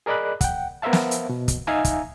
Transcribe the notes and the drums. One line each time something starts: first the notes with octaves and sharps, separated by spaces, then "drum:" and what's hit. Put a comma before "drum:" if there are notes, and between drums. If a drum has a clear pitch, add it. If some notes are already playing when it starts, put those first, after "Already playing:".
G#4 A#4 D5 D#5 B5 F#6
F#5 G5, drum: kick, hi-hat
B3 A#4 C5 E5 F5 A5
drum: snare
drum: hi-hat
B2
drum: kick, hi-hat
D#4 E5 F5 G#5 A#5
drum: kick, hi-hat